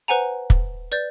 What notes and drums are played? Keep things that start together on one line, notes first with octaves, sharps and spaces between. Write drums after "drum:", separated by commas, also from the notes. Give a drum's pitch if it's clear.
B4 C5 F#5 G#5 A#5
drum: kick
B4 D5 G6 A6